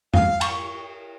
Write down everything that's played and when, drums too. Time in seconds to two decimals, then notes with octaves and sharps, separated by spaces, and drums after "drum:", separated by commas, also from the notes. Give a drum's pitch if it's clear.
0.14 F5, drum: tom F2
0.41 C#6, drum: cymbal